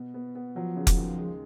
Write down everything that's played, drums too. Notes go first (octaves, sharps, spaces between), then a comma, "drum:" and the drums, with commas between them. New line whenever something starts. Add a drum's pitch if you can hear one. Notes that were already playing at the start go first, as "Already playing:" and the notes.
Already playing: B2 B3
B3
B3
F3 F#3
C#3
drum: kick F1, hi-hat
D#2
G#3